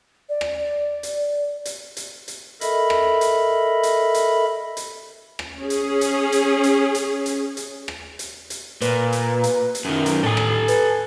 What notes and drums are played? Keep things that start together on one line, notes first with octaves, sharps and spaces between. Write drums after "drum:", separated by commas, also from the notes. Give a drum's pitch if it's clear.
D5
drum: rim click
drum: hi-hat
drum: hi-hat
drum: hi-hat
drum: hi-hat
A4 A#4 D#5 E5 B5, drum: hi-hat
drum: rim click
drum: hi-hat
drum: hi-hat
drum: hi-hat
drum: hi-hat
drum: rim click
C#4 G#4
drum: hi-hat
drum: hi-hat
drum: hi-hat
drum: hi-hat
drum: hi-hat
drum: hi-hat
drum: hi-hat
drum: rim click
drum: hi-hat
drum: hi-hat
A#2 B4, drum: hi-hat
drum: hi-hat
drum: hi-hat
drum: hi-hat
F#2 D#3
drum: hi-hat
A2 A4 G#5
drum: rim click
B4, drum: hi-hat